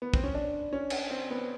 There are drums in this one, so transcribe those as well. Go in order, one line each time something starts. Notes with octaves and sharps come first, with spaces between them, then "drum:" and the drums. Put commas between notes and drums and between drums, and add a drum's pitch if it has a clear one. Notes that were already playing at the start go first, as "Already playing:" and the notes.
B3
C4, drum: kick
C#4
D4
C#4
drum: cymbal
C4
B3